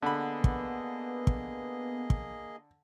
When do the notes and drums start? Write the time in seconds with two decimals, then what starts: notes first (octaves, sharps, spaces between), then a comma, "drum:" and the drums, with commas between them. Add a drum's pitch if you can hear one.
0.03 D3 A#3 B3 G#4 D#5 B5
0.44 drum: kick
1.27 drum: kick
2.10 drum: kick